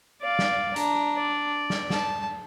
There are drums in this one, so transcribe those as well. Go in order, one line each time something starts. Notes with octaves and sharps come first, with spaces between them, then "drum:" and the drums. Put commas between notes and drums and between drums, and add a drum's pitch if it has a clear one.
D5 F5
drum: snare
D4 A#5, drum: hi-hat
D5
drum: snare
A5, drum: snare